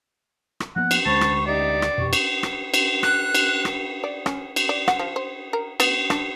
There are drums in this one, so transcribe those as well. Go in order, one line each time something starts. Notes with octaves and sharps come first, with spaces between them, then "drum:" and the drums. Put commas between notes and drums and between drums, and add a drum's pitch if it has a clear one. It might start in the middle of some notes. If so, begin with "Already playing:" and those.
drum: rim click
F3 A#3 B3 F#5
drum: cymbal
D2 G#3 C#4 C5 A5 B5 C#6
drum: rim click
D#4 G4 D5 E5
drum: rim click
D#1 F2 B2 G4 C#6
drum: cymbal
drum: rim click
drum: cymbal
F#6, drum: rim click
drum: cymbal
drum: rim click
D5
C#4, drum: rim click
drum: cymbal
D5
F#5, drum: rim click
F3
C5
A#4
B3, drum: cymbal
D4, drum: rim click